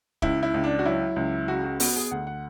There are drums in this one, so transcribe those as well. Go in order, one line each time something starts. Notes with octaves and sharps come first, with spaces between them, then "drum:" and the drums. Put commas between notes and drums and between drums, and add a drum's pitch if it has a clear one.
C#2 E4, drum: kick
E4
C#2
D4
F#4
F#3 E4
C#2
C#3 F#4
F#4
B3 F#4, drum: open hi-hat
G#4
D2 F#5
F#5